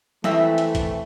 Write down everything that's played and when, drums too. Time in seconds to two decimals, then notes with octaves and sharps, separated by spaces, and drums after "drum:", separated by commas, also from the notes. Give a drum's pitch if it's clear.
0.24 F2 E3 A3 C4 E5, drum: snare
0.58 drum: hi-hat
0.75 drum: kick A1, hi-hat